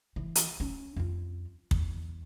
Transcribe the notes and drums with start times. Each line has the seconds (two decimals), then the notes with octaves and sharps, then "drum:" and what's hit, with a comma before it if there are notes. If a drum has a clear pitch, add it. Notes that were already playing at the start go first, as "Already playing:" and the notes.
0.16 E3
0.35 drum: hi-hat
0.60 C#4
0.96 F2 F4
1.71 E2, drum: kick